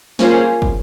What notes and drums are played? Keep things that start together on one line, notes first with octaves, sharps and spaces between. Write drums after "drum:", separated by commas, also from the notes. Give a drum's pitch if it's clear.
A#3 C#4 F4 G#4 C5, drum: snare
drum: kick